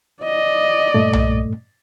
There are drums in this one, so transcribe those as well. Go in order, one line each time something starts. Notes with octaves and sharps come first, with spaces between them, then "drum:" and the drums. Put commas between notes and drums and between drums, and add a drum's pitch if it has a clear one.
D5 D#5
G2 A#2 A3
drum: tom B1